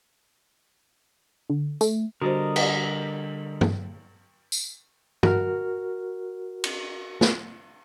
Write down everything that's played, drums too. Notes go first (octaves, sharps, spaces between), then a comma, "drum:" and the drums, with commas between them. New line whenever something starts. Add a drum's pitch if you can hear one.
D3
A3, drum: tambourine
D3 G3 F#4 A#4 C5 D#5
drum: cymbal
drum: tom
drum: tambourine
F#4 A#4 F6, drum: tom
drum: cymbal
drum: snare